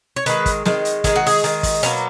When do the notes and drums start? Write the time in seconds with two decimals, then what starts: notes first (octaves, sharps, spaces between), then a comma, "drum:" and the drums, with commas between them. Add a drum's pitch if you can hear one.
0.16 C#5
0.26 D#3 G#3 B4, drum: hi-hat
0.46 drum: kick, hi-hat
0.66 D#3 G#3, drum: snare
0.85 drum: hi-hat
1.04 D#3 G#3 G#4, drum: kick, hi-hat
1.16 F#4
1.27 G#4, drum: open hi-hat
1.44 D#3 G#3, drum: hi-hat
1.63 drum: kick, open hi-hat
1.83 B2 F#3 A#3 C#4, drum: hi-hat